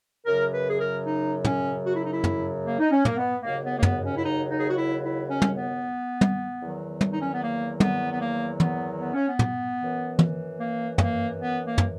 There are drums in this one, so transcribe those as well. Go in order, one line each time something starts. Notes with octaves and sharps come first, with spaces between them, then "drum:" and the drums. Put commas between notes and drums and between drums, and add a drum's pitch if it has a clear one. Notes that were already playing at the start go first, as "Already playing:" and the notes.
F#2 C#3 F#3 A#4
B4
G#4
A#4
D#4
C#4, drum: tom
F#4
E4
D#4
E4
drum: tom
A#3
D#4
C#4
A#3, drum: tom
B3
D#2 C#3 F#3 A#3
B3
A#3
B3, drum: tom
C#4
E4
D#4
D#4
G#4
F#4
E4
E4
C#4
drum: tom
B3
drum: tom
E2 D#3 F#3
drum: tom
D#4
C#4
B3
A#3
B3, drum: tom
B3
A#3
B3, drum: tom
B3
C#4
B3
drum: tom
F#2 E3
drum: tom
A#3
A#3, drum: tom
B3
A#3
drum: tom